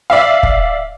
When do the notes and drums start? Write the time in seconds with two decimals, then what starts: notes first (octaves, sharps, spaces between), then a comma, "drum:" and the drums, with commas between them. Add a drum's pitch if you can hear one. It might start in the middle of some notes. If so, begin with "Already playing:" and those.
0.10 D5 E5 F5
0.43 drum: kick